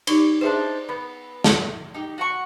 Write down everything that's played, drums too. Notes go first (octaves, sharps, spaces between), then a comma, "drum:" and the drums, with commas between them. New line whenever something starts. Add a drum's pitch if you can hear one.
D#4 G4 C#5 D5, drum: cymbal
D4 D#4 G#4 B4 C5 E5
B3 B5
drum: snare
D#4 G4
F#4 F#5 C#6